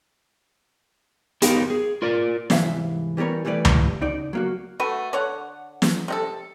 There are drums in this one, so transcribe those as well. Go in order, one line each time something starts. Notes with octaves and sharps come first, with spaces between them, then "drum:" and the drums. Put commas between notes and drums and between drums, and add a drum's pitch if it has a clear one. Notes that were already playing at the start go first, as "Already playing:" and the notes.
B3 D#4 A#4 F5 G5, drum: hi-hat
G#4
F4 A#4 D5
C2 G#2 E3 E5 F5, drum: snare
E3 G3 B3 A#4 C#5
E3 G3 A3 B4 D5
drum: tom C#2
C#3 D#4 D5
F#3 A#3 F#4
A3 F#4 B4
D3 C#5 F#5
drum: snare
C3 D#4 A4